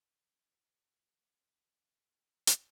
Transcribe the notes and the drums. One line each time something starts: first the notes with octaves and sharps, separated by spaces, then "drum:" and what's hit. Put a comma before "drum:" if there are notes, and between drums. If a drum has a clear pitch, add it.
F4 G4 A5 G#6 C#7
G5 A6 B6
drum: hi-hat